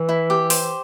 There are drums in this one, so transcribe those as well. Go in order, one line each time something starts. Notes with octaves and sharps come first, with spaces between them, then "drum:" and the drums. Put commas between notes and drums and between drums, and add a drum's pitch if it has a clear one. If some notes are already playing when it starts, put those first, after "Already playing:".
Already playing: E3
E4
G4
C5, drum: open hi-hat